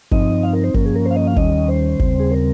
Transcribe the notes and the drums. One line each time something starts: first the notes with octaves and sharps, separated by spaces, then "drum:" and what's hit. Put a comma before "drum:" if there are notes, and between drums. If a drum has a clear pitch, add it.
G2 F3 C4 D#4 D#5, drum: kick G1
F5
A#4
C5
G2 F3 A#3 C#4 A#4, drum: kick G1
G#4
A#4
C5
F5
D#5
F5
D#2 D#3 G3 C#4 D#5, drum: kick G1
C5
D#2 C#3 G3 C4, drum: kick G1
G#4
A#4